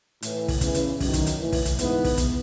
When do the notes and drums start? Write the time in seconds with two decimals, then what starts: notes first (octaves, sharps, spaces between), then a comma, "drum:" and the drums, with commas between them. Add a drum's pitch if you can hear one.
0.22 A2 E3, drum: hi-hat
0.48 drum: kick, open hi-hat
0.61 E2 C#3 E3, drum: kick, hi-hat
0.74 drum: hi-hat
1.00 F#2 D#3, drum: kick, open hi-hat
1.13 drum: kick, hi-hat
1.26 drum: hi-hat
1.39 A2 E3
1.52 drum: kick, open hi-hat
1.65 drum: kick, hi-hat
1.79 G#2 E3 B3, drum: hi-hat
2.04 drum: kick, open hi-hat
2.17 drum: kick, hi-hat